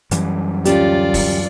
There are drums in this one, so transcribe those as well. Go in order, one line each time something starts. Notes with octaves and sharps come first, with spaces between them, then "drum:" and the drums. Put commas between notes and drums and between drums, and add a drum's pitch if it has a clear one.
F#2 E3 G3, drum: hi-hat
D2 C#4 F4 G4 D5, drum: hi-hat
drum: kick, open hi-hat